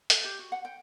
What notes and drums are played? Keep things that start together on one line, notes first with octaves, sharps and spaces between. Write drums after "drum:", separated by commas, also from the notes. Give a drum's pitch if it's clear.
A4, drum: hi-hat
G4
F#4
F#5
G5